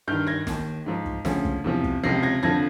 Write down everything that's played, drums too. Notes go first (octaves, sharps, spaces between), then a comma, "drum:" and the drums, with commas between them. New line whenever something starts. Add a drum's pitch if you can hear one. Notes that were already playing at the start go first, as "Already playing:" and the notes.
G2 D#3 F6 G6
G#6 A#6
D#2 D#3, drum: snare
G#2 F3
drum: kick
D2 C#3 F3, drum: snare
drum: kick
E2 C3 F3
drum: kick
C#2 C3 F3 A#6 C7
G#6 A#6
F2 D3 F3 G#6 A#6